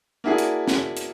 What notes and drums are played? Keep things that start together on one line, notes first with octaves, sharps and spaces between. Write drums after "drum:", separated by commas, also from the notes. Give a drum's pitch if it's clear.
A#3 D4 E4 F#4 G#4
drum: hi-hat
drum: snare
drum: hi-hat